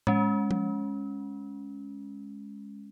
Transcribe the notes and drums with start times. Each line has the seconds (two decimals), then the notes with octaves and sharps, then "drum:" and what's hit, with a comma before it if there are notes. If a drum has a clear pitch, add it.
0.07 G#3 C#4, drum: tom A2
0.51 drum: tom F3